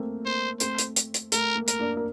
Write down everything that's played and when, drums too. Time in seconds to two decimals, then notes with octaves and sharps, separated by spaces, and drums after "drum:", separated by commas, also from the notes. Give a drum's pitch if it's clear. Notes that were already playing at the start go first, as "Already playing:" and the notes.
Already playing: A3 A#3 C4
0.25 A#3 C5
0.60 A3 C4 C5, drum: hi-hat
0.78 drum: hi-hat
0.96 drum: hi-hat
1.14 drum: hi-hat
1.32 A3 A#4, drum: hi-hat
1.55 A#3
1.68 A#4, drum: hi-hat
1.79 A#3 D4
1.97 A#4